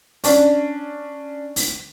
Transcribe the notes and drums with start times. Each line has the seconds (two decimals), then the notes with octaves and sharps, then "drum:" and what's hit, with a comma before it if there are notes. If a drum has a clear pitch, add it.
0.24 C#4 D4, drum: open hi-hat
1.56 drum: open hi-hat